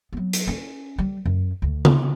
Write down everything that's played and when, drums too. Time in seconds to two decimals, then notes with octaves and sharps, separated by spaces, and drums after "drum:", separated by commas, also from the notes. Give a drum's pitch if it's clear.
0.13 F#3 B3
0.33 drum: hi-hat
0.47 C#4
0.98 G3
1.25 F#2
1.62 D2
1.85 drum: tom C#3